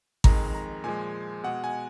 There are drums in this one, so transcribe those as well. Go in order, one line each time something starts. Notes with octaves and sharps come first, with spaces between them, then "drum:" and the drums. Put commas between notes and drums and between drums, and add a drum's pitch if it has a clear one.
F2 D#3 G#3 A#5, drum: kick G#1
A#5
A#2 F3 G#3 G#5
B2 G#3 F#5
G#5